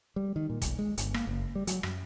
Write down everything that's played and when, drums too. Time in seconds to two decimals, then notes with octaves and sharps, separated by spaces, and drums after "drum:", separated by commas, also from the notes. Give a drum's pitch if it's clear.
0.16 G3
0.36 D#3
0.50 A#2
0.62 B1, drum: kick, hi-hat
0.79 G#3
0.98 G1, drum: hi-hat
1.14 A#3, drum: rim click
1.27 F#1
1.55 G3
1.67 F#3, drum: hi-hat
1.83 F#2, drum: rim click